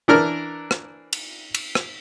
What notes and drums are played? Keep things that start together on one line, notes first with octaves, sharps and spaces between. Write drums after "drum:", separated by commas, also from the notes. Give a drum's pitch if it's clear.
E3 D4 A#4 F6
drum: rim click
drum: cymbal
drum: cymbal
drum: rim click